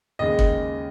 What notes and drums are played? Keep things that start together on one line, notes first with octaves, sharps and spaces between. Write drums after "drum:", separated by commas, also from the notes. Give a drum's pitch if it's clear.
D#2 C#3 G#3 D#5
drum: kick